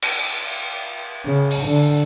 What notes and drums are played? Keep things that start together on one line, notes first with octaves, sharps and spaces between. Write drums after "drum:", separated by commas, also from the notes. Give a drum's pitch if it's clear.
drum: cymbal
C#3
drum: open hi-hat
D3